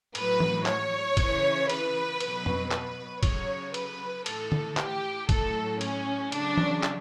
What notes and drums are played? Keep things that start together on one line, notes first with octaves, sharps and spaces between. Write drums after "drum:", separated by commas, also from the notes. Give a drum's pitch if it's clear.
A2 F#3 B4, drum: cymbal
drum: tom E3
C#5, drum: clap
C#3 E3, drum: kick, cymbal
B4, drum: cymbal
B2 F#3, drum: cymbal
drum: tom F2
B4, drum: clap
C#3 F#3 C#5, drum: kick, cymbal
B4, drum: cymbal
A2 E3 A4, drum: cymbal
drum: tom D3
G4, drum: clap
A2 F#3 A4, drum: kick, cymbal
C#4, drum: cymbal
C#3 F#3 D4, drum: cymbal
drum: tom E3
drum: clap